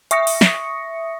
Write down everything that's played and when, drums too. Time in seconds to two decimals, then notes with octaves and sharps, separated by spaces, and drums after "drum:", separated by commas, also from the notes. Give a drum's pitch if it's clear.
0.11 E5 C#6 D#6 A#6 C#7, drum: hi-hat
0.27 drum: open hi-hat
0.41 drum: snare